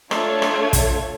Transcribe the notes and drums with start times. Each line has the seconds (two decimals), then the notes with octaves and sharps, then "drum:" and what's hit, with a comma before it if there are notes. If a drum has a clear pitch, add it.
0.11 A3 D4 F4 C#5 G#6, drum: rim click
0.42 drum: rim click
0.73 drum: kick, hi-hat